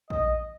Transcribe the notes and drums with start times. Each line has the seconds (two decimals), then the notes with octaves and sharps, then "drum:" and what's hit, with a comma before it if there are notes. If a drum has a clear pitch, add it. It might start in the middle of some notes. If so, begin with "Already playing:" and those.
0.10 D#5, drum: kick